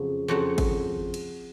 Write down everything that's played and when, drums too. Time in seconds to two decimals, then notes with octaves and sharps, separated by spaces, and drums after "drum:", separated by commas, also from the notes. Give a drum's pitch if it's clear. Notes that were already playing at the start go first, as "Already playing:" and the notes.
Already playing: F2 C#3 F#3 G#4
0.28 F2 C#3 F#3 F#4 F#5
0.58 drum: kick, cymbal
1.14 drum: cymbal